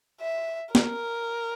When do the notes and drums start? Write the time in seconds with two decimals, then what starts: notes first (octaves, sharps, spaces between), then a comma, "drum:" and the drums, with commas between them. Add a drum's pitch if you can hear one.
0.21 E5
0.75 A#4, drum: snare